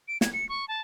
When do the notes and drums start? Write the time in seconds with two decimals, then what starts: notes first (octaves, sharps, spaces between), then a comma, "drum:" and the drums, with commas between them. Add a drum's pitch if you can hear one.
0.08 D7
0.21 G#6, drum: snare
0.33 C#7
0.49 C#6
0.68 A5